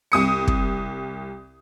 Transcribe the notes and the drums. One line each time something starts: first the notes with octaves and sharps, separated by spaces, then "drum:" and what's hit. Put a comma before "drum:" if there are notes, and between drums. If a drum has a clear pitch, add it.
C2 D#6 C#7
drum: kick